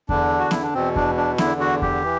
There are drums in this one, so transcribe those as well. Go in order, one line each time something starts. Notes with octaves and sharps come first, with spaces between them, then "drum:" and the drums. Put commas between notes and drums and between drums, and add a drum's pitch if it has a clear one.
E2 D3 D4, drum: kick E2
F#4
E4, drum: snare
D4
E2 B2 C4
D4, drum: kick E2
D4
E2 D3 E4, drum: snare
F#4
G4, drum: kick E2
E3